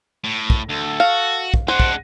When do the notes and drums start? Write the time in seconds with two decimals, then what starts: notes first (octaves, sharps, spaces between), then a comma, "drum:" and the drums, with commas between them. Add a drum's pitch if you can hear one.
0.24 A2
0.50 drum: kick
0.69 D2 A4
1.00 F#4 F5
1.54 drum: kick
1.68 G#3 D4 C5 F#5
1.80 drum: kick